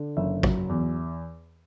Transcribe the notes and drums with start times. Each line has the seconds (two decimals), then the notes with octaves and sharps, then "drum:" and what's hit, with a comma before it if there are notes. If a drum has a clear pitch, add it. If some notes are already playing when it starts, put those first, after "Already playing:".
Already playing: D3
0.17 F#1 E5
0.43 F#3, drum: kick
0.69 E2